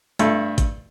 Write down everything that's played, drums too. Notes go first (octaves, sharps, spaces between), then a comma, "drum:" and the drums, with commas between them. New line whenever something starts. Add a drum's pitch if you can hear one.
G2 A3, drum: hi-hat
drum: kick, hi-hat